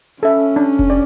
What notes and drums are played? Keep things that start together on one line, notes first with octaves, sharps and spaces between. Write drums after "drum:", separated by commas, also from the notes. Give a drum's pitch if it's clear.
C#4 A4 E5
D4
drum: kick F1
D5